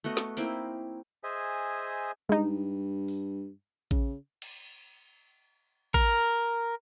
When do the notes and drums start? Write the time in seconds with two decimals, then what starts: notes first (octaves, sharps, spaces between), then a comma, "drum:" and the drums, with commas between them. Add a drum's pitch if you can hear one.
0.04 A3 B3 F#4 D#5
0.17 drum: snare
0.37 A#3 C4 D#4 E4, drum: hi-hat
1.23 G#4 C5 D#5 E5 G#5
2.29 G2 G#3 D#4
3.08 drum: open hi-hat
3.91 C#3, drum: kick A1
4.42 drum: cymbal
5.94 A#4, drum: kick A1